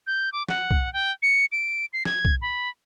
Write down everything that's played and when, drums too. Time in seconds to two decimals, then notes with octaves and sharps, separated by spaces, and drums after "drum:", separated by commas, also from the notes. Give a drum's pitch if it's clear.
0.07 G6
0.32 D6
0.49 F#5, drum: snare
0.71 drum: kick
0.93 G5
1.22 C#7
1.52 D7
1.93 C7
2.05 G#6, drum: snare
2.25 drum: kick
2.41 B5